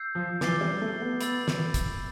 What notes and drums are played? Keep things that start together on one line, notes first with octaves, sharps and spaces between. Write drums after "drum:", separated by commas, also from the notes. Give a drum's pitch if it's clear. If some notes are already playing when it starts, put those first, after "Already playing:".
Already playing: E6 G6 C7
F3
E3 D6 A6 C7 G7, drum: snare
G3
A3
B3
B5 E6 A6, drum: hi-hat
drum: snare
drum: kick, hi-hat